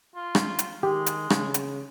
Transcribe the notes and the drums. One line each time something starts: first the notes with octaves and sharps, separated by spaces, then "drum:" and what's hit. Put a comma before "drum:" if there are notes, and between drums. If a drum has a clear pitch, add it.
F4
drum: rim click
drum: hi-hat
D#3 G#3 G4
drum: hi-hat
C#3, drum: rim click
drum: hi-hat